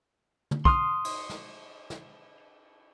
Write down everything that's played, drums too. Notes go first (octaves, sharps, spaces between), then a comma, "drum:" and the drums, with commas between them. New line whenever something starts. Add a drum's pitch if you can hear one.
drum: tom
C6 D#6 F6, drum: kick
drum: cymbal
drum: snare
drum: snare